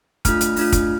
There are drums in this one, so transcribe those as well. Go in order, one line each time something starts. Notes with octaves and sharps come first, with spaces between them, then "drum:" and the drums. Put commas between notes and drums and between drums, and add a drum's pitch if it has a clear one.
A3 D4 F4 F6, drum: kick, hi-hat
drum: hi-hat
A3 D4 F4, drum: open hi-hat
drum: kick, hi-hat